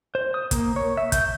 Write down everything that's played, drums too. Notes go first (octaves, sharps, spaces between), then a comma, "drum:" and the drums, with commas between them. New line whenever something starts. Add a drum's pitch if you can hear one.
C5
D#6
A#3, drum: kick, hi-hat
C#5
E5
G6, drum: kick, hi-hat